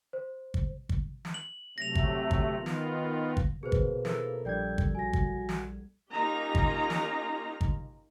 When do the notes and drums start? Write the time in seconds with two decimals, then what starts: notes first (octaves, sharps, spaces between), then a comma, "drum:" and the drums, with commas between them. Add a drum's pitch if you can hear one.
0.13 C5
0.54 drum: kick
0.89 drum: kick
1.25 drum: snare
1.34 F#7
1.78 C3 F#3 A3 A#6 F7
1.95 drum: kick
2.31 drum: kick
2.56 D#3 B3 F4
2.66 drum: snare
3.37 drum: kick
3.63 B2 A#3 G#4 B4 C5
3.72 drum: kick
4.05 E4 A4 A#4, drum: snare
4.45 A#1 G3 D5 G5 G6 G#6
4.78 drum: kick
4.95 F#4 G#5 A#6
5.13 drum: kick
5.49 drum: snare
6.11 A#3 C#4 D#4 F4 G4 A#5
6.55 drum: kick
6.90 drum: snare
7.61 drum: kick